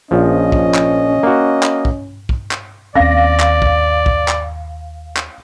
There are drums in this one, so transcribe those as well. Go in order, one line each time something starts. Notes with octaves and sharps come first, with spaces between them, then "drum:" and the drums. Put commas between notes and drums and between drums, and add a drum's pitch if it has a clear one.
A#1 F3 C#4 D#5
drum: kick
drum: clap
A#3 F#4
drum: clap
drum: kick
drum: kick
drum: clap
D#2 C4 C#4 D5 F5 A#6
drum: clap
drum: kick
drum: kick
drum: clap
drum: clap